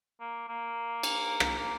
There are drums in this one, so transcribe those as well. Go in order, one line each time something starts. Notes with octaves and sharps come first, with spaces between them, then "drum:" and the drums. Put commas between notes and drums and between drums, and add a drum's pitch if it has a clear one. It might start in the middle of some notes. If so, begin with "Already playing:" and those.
A#3
A#3
drum: cymbal
drum: rim click
A#3